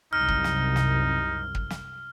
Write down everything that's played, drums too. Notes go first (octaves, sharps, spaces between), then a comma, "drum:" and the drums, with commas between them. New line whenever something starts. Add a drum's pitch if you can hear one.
C2 F#2 C3 D#4 F6
drum: kick
drum: snare
drum: snare
drum: kick
drum: snare